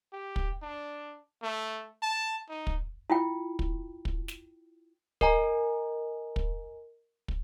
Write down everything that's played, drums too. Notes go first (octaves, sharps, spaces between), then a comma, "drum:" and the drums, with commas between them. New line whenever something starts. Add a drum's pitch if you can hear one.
G4
drum: kick
D4
A3
A5
D#4
drum: kick
E4 F4 G5
drum: kick
drum: kick
drum: snare
A#4 D#5 G#5 A#5, drum: kick
drum: kick
drum: kick